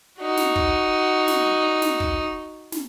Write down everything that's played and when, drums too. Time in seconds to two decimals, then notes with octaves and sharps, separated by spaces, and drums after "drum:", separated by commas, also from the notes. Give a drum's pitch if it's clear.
0.19 D#4 F#4
0.37 drum: snare
0.56 drum: kick
1.28 drum: snare
1.82 drum: snare
2.00 drum: kick
2.72 drum: snare